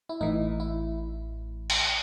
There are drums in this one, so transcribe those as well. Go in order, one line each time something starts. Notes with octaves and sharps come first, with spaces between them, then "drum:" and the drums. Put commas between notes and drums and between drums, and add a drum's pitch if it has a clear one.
E4
A1 A2 E3 D#4
E4
drum: cymbal